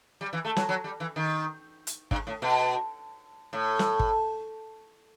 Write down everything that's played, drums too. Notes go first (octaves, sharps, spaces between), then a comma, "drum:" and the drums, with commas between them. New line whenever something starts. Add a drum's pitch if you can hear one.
G3
E3
A3
F#3, drum: snare
F#3
G3
E3
D#3
drum: hi-hat
G2, drum: kick G#1
A2
B2
A2
drum: snare
drum: kick G#1